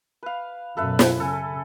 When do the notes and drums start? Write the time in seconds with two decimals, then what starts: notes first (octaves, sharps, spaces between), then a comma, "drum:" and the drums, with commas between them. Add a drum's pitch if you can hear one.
0.23 B4 F5
0.77 F#2 B2 A4 B4 E5
0.99 drum: snare
1.20 C#3 A4 G#5